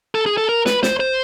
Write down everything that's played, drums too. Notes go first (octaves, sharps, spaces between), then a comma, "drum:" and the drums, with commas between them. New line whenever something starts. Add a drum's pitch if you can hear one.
A4
G#4
A4
A#4
B4, drum: snare
C5, drum: snare
C5